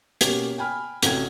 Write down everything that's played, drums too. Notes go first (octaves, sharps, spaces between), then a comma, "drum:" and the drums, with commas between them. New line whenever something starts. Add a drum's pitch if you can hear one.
B2 A#3 C#4 G4, drum: hi-hat
G5 G#5 B5 F6
A1 C3 F#4 A4 G5 G#6, drum: hi-hat